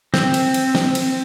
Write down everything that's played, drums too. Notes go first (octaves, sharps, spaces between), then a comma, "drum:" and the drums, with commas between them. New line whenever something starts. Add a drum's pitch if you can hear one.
C4, drum: snare
drum: cymbal
drum: cymbal
drum: snare
drum: cymbal